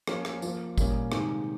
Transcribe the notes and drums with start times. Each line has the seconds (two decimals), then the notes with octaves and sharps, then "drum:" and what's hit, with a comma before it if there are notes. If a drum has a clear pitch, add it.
0.07 F3 A#3 C#4 F4, drum: rim click
0.25 drum: rim click
0.42 F3 A#3 F4, drum: tambourine
0.78 A#2 G3 A#3 C#4, drum: kick G#1, tambourine
1.12 C3 D#3 G#3 D#4, drum: rim click